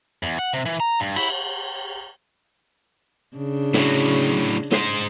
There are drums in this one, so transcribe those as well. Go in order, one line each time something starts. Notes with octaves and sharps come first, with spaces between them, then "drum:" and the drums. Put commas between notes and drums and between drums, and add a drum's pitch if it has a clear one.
E2
F#5
C3
E3
A#5
G2
E4, drum: cymbal
C#3 D4
A2 F#3, drum: snare
G#3 C5, drum: snare